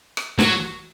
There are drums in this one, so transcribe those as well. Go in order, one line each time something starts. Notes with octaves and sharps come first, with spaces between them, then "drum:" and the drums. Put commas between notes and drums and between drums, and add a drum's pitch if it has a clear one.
drum: rim click
F#3, drum: snare